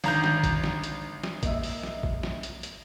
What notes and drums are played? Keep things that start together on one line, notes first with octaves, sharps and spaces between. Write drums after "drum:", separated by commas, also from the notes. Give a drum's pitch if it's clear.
G#1 D3 D#3 A#5 G6, drum: open hi-hat
drum: snare
drum: kick A#1, hi-hat
drum: snare
drum: hi-hat
drum: snare
A#3 D#5 E5, drum: kick A#1, hi-hat
drum: open hi-hat
drum: snare
drum: kick A#1
drum: snare
drum: hi-hat
drum: hi-hat